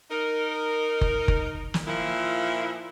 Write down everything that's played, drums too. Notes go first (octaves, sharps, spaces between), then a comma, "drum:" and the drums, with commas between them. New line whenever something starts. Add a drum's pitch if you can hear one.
D#4 A#4
drum: kick F#1
drum: kick F#1
drum: snare
A#2 F3 E4